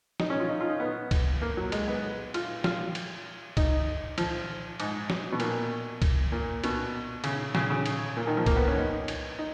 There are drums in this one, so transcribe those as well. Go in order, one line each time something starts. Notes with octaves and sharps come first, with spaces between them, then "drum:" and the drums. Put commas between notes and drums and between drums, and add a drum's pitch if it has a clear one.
D#4, drum: snare
C#4
F4
D#4
F4
D#4
B3
drum: kick C2, cymbal
A#3
F#3
G#3, drum: cymbal
B3
F4, drum: cymbal
F4, drum: snare
drum: cymbal
D#4, drum: kick C2, cymbal
F3, drum: cymbal
G#2, drum: cymbal
drum: snare
B2
A#2, drum: cymbal
drum: kick C2, cymbal
A#2
B2, drum: cymbal
C#3, drum: cymbal
C#3, drum: snare
C#3
drum: cymbal
A#2
D#3
F3
A#3, drum: kick C2, cymbal
B3
C#4
D#4
drum: cymbal
D#4